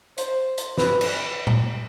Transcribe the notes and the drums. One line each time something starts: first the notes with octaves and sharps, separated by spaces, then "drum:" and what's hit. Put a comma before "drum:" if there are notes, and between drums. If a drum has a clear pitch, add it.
C5, drum: hi-hat
drum: hi-hat
B4, drum: snare
drum: cymbal
drum: tom A2